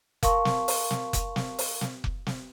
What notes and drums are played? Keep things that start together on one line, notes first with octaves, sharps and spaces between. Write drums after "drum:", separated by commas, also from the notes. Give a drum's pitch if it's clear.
A#4 F5 A5 C6 C#6, drum: kick F1, hi-hat
drum: snare
drum: open hi-hat
drum: snare
drum: kick F1, hi-hat
drum: snare
drum: open hi-hat
drum: snare
drum: kick F1
drum: snare